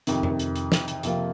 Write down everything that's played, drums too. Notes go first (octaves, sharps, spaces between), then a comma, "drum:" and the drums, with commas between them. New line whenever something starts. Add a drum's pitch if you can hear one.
F2 C3 D#3, drum: hi-hat
drum: tom F2
drum: hi-hat
drum: hi-hat
drum: snare
drum: hi-hat
F2 C3 F3 A#3 F4, drum: hi-hat